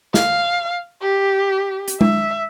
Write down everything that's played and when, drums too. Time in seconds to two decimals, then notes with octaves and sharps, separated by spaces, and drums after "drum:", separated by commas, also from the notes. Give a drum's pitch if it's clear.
0.14 F5, drum: snare
1.02 G4
1.88 drum: hi-hat
2.01 E5, drum: tom G#3